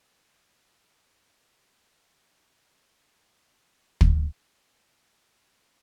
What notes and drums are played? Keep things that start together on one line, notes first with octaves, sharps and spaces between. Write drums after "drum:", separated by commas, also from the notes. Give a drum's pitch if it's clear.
F#4 G4 A#4 G5 G#5
E3 A#4 A6
drum: kick
A5
C#3
D#4
A2
E6
E5
D#3
G3